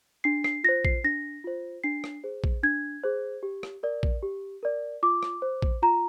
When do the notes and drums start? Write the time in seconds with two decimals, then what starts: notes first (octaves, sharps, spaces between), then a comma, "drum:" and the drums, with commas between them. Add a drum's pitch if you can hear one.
0.24 D4 C7
0.44 C7, drum: rim click
0.64 F4 C5 A#6
0.85 C7, drum: kick
1.04 D4 A#6
1.44 F4 C5
1.84 D4 C7
2.04 drum: rim click
2.24 G#4 C5
2.44 drum: kick
2.63 D4 G#6
3.04 G#4 C5
3.43 G4
3.63 drum: rim click
3.83 A#4 D5
4.03 drum: kick
4.23 G4
4.63 A#4 D5
5.03 F4 D6
5.23 drum: rim click
5.42 C5
5.62 drum: kick
5.82 F4 A#5